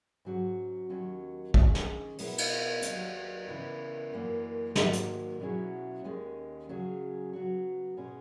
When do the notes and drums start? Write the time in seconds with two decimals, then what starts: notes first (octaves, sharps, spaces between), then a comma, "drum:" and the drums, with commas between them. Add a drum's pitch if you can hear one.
0.25 G#2 F#3 C#4 F#4
0.89 D#2 D#3 F#3 C#4
1.54 D#3 G#3 C#4 G#4, drum: kick
1.75 drum: snare
2.18 B2 G#3 B3 E4 A#4, drum: open hi-hat
2.38 drum: cymbal
2.82 D#2 D#3 F#3, drum: hi-hat
3.47 C#3 E3 B3 E4 A#4
4.12 F#2 E3 A#3
4.76 G#2 D#3 F#3 A#3, drum: snare
4.93 drum: hi-hat
5.40 B2 F#3 C#4 E4 G#4
6.04 D#2 D#3 G#3 C#4
6.69 C#3 F#3 C#4 G#4
7.33 C#3 F#3 B3 F#4
7.97 B2 G#3 C#4 G#4